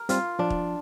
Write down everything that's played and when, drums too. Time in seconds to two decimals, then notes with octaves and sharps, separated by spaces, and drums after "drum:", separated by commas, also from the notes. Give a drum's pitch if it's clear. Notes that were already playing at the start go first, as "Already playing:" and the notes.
Already playing: A#4
0.09 G3 C4 F4, drum: hi-hat
0.39 F3 D4
0.50 drum: kick